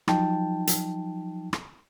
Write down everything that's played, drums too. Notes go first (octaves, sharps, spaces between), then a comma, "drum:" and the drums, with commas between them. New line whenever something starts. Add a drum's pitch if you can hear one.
F3 F#3 D#4 G5 A5, drum: rim click
drum: hi-hat
drum: rim click